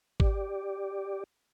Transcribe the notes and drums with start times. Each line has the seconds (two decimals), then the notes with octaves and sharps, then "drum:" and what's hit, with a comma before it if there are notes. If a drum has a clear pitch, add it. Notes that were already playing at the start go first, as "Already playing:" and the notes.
0.20 G4 D5, drum: kick